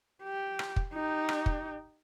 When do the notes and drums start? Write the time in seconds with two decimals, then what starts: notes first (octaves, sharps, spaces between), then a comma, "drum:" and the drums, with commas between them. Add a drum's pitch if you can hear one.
0.23 G4
0.59 drum: rim click
0.76 drum: kick
0.94 D#4 G4
1.29 drum: rim click
1.46 drum: kick